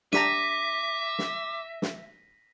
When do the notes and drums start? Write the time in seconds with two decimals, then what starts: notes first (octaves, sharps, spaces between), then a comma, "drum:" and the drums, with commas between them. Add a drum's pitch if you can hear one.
0.13 D4 G4 E5 A#5 D6 A#6 B6 D#7, drum: snare
1.19 drum: snare
1.82 drum: snare